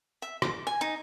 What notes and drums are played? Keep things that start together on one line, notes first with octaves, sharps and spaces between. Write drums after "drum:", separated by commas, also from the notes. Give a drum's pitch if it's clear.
E5
D6, drum: rim click
G#5
D#4